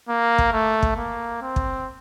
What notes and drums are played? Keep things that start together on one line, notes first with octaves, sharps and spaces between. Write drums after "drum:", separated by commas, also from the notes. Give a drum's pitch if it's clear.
A#3
drum: kick
A3
drum: kick
A#3
C4
drum: kick